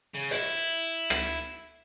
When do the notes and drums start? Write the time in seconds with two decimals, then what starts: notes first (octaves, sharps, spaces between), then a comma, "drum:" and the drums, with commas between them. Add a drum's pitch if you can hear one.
0.14 C#3
0.31 E4, drum: hi-hat
1.10 drum: rim click